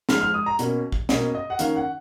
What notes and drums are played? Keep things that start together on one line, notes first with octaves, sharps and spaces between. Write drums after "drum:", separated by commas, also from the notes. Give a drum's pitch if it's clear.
G#2 F3 G#3 F6, drum: snare
F6
D#6
A#5
B2 A#3 C#4, drum: hi-hat
drum: kick A#1
B2 A#3 C#4 D#5, drum: snare
D#5
F#5
D#3 A#3 C#4 F5, drum: hi-hat
F#5